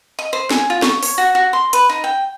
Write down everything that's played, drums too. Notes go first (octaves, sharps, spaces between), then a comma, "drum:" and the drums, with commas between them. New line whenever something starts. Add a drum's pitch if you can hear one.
D#5
C5
G#5, drum: snare
F4
C#6, drum: snare
C#5, drum: open hi-hat
F#4
F#4
C6
B4, drum: hi-hat
D#4
G5